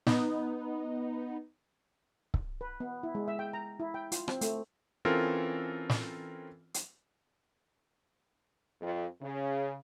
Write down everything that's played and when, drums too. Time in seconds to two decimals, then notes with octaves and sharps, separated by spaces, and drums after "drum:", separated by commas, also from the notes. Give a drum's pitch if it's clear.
0.07 B3 D#4, drum: snare
2.34 drum: kick C#1
2.61 B4
2.80 B3
3.03 E4
3.15 G#3
3.28 E5
3.39 G5
3.53 A#5
3.80 E4
3.94 G5
4.12 F4, drum: hi-hat
4.28 C4, drum: rim click
4.41 A3, drum: hi-hat
5.05 E3 C4 C#4 F4 A4 A#4
5.90 drum: snare
6.74 drum: hi-hat
8.81 F2
9.20 C#3